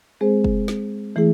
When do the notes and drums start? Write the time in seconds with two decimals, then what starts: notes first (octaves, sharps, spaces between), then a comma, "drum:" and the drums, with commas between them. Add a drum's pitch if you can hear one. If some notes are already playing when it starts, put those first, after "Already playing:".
0.21 G#3 C4 G#4 C5
0.44 drum: kick
0.68 drum: snare
1.16 E3 A3 E4 G#4